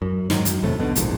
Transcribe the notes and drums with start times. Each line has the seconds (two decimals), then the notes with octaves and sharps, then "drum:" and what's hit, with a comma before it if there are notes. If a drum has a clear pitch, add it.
0.02 F#2
0.30 G#2 D#3 E3 F#3, drum: snare
0.45 F#2, drum: hi-hat
0.63 E2 A2 C3 A3
0.78 B1 B2 D3
0.95 E1 A#1 G#2, drum: hi-hat